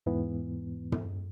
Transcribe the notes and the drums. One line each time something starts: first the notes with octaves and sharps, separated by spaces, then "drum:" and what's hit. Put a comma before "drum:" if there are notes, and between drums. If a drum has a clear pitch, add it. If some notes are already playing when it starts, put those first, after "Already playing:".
E2 G#2 E3 B3
drum: tom